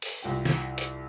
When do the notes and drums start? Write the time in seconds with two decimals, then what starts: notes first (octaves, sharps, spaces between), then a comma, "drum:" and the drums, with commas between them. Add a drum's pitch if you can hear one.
0.02 drum: open hi-hat
0.23 C2 F4 G5
0.45 drum: snare
0.78 drum: hi-hat